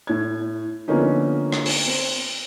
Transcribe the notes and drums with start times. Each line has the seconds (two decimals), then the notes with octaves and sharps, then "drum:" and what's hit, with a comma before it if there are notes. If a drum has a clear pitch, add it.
0.07 A2 G#6
0.88 D3 F3 A#3 B3 C#4 D#4
1.52 drum: rim click
1.66 drum: open hi-hat
1.87 C4